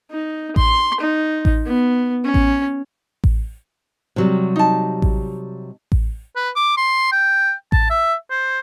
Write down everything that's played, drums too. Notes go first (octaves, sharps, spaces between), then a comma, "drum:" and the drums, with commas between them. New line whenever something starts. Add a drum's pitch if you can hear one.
D#4
C6, drum: kick A1
D#4
drum: kick A1
B3
C#4
drum: kick A1
drum: kick A1
C3 F#3 G3
D#4 A5
drum: kick A1
drum: kick A1
B4
D6
C6
G5
A5, drum: kick A1
E5
C5